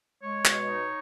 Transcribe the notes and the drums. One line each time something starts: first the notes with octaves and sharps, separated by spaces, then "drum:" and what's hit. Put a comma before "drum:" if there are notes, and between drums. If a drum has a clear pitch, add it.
G#3 C#5
B2, drum: clap
D#4